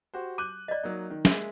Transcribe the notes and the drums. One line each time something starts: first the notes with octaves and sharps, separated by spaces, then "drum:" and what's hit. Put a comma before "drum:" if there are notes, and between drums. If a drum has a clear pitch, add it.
F#4 G4 C5
D6 F#6 G6 D#7
D5 D#5
F#3 A#3 D#4
D#3
G#3 A#3 E5, drum: snare